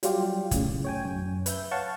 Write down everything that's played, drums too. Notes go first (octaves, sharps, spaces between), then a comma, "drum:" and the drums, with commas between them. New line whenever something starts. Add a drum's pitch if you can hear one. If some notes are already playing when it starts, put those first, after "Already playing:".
F#3 G3 F4 G4, drum: hi-hat
B1 A2 C#3, drum: kick, hi-hat
C#5 G5 G#5
F#2
B4 E5 G6, drum: hi-hat
C#5 F5 F#5 A5 C#6